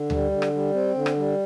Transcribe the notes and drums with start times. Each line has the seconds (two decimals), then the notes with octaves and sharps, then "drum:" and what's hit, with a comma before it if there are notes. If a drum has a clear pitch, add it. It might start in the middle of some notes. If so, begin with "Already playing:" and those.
Already playing: D3
0.10 G3, drum: tom D2
0.31 D3
0.42 drum: rim click
0.53 G3
0.74 C4
0.95 D3
1.06 drum: rim click
1.16 G3